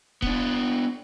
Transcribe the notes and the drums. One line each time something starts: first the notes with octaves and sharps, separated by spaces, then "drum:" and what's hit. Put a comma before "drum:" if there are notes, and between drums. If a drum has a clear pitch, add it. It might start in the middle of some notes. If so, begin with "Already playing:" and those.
B3 D4, drum: kick D#1